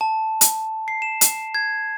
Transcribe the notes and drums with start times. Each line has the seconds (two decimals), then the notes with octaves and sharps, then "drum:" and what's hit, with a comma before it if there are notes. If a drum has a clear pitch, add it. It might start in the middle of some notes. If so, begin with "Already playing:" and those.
0.01 A5
0.41 drum: hi-hat
0.88 C7
1.02 E7
1.21 drum: hi-hat
1.55 G#6